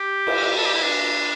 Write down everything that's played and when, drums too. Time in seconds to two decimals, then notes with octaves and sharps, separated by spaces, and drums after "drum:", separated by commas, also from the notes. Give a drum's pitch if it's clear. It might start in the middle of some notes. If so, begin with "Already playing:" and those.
Already playing: G4
0.27 drum: cymbal
0.57 A4
0.66 G4
0.74 E4
0.83 D4